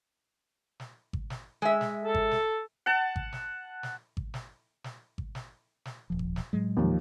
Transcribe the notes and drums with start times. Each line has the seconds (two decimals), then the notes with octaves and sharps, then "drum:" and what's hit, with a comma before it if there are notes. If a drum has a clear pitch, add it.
0.80 drum: snare
1.13 drum: kick G#1
1.30 drum: snare
1.62 G#3 E5
1.81 drum: snare
2.05 A4
2.14 drum: kick G#1
2.31 drum: snare
2.86 F#5 A5
3.16 drum: kick G#1
3.33 drum: snare
3.83 drum: snare
4.17 drum: kick G#1
4.34 drum: snare
4.84 drum: snare
5.18 drum: kick G#1
5.35 drum: snare
5.85 drum: snare
6.10 D#1 F3
6.19 drum: kick G#1
6.36 drum: snare
6.53 A2 F#3 G#3
6.77 D#2 F3